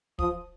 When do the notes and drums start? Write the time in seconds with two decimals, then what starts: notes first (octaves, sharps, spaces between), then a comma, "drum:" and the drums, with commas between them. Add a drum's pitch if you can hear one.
0.19 F3 D#6, drum: kick